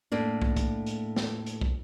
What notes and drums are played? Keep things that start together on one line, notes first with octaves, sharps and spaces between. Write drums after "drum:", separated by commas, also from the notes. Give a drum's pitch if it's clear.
A2 A#3 D4
drum: kick
drum: kick, hi-hat
drum: hi-hat
drum: snare
drum: hi-hat
drum: kick